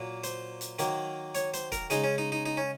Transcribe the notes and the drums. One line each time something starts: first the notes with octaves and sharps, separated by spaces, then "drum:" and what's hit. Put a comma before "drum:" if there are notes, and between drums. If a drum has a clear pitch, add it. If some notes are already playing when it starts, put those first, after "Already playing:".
Already playing: A#2 F#3 A#3
C5, drum: hi-hat
drum: hi-hat
D#3 F#3 A#3, drum: hi-hat
C#5, drum: hi-hat
C5, drum: hi-hat
A#4, drum: kick, hi-hat
C#3 G#3 D#4, drum: hi-hat
C#4
D#4
D#4
D#4
C#4